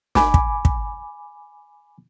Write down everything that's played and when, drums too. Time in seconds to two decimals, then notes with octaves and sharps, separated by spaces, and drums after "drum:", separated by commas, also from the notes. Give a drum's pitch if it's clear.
0.15 G#5 B5 D6, drum: snare
0.34 drum: kick
0.65 drum: kick